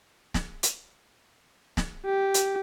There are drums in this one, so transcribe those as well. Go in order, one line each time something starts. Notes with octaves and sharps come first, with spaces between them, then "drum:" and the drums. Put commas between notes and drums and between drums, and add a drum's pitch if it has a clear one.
drum: snare
drum: hi-hat
drum: snare
G4
drum: hi-hat